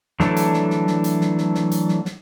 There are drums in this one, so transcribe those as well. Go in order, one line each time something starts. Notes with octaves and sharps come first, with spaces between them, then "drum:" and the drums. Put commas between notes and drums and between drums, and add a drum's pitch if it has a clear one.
D3 E3 F#3 A3 D4, drum: snare
drum: hi-hat
drum: snare
drum: snare
drum: snare
drum: hi-hat
drum: snare
drum: snare
drum: snare
drum: hi-hat
drum: snare
drum: snare